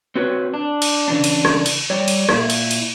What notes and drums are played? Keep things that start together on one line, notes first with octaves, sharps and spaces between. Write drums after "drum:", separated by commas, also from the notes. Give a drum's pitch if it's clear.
C4 F#4 B4 C#5
D4
drum: cymbal
C#3 E3 D4
drum: cymbal
drum: rim click
drum: cymbal
G3 C#5 D5
drum: cymbal
A#2 E4, drum: rim click
drum: cymbal
drum: cymbal